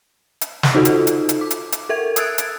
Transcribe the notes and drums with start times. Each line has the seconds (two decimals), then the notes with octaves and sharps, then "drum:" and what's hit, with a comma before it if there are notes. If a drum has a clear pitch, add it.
0.41 drum: hi-hat
0.63 drum: snare
0.75 D#4 F4 F#4 A4
0.85 drum: hi-hat
1.07 drum: hi-hat
1.29 drum: hi-hat
1.41 D6
1.51 drum: hi-hat
1.72 drum: hi-hat
1.89 A4 A#4 E5 G#6
2.16 D#6 E6 F#6 G#6 A6 D7, drum: hi-hat
2.38 drum: hi-hat